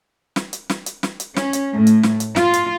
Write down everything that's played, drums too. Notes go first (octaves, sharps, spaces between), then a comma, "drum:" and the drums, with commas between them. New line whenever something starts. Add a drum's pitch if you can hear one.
drum: snare
drum: hi-hat
drum: snare
drum: hi-hat
drum: snare
drum: hi-hat
C#4, drum: snare
drum: hi-hat
A2
drum: hi-hat
drum: snare
drum: hi-hat
F4, drum: snare
drum: hi-hat